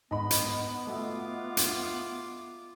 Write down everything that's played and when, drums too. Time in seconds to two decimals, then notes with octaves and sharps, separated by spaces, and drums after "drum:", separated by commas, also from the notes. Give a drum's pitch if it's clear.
0.11 G#2 B3 D#5 B5
0.31 drum: hi-hat
0.87 A3 F4 F#4 E5 D6
1.57 drum: hi-hat